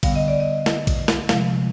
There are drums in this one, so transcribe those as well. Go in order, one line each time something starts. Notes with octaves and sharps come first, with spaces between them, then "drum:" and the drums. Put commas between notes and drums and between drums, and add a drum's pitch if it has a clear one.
D3 G3 B3 F5, drum: kick A#1, cymbal
D#5
D5
D#5
drum: snare
drum: kick A#1, cymbal
drum: snare
C3 F3 G#3 F5, drum: snare